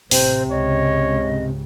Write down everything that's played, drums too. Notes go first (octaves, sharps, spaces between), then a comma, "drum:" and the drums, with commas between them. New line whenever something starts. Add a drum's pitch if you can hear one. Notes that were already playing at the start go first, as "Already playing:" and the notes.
A1 C3 C5, drum: open hi-hat
C#2 G#2 C#3 C#5 D#5